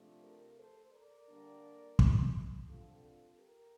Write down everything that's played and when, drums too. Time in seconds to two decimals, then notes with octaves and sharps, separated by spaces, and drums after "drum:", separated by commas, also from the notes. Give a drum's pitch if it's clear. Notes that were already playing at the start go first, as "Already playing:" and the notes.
Already playing: C3 F3 A3 D4
0.22 G4 A#4
0.57 A4 C5
0.92 A#4 D5
1.28 D3 G3 A#3 D4
1.99 drum: kick
2.68 D3 G3 C4 F4 A4
3.03 F4 A4
3.39 G4 A#4